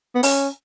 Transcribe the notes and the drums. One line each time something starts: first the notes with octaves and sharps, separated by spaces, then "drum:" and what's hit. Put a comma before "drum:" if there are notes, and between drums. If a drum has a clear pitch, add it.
B3
C#4, drum: open hi-hat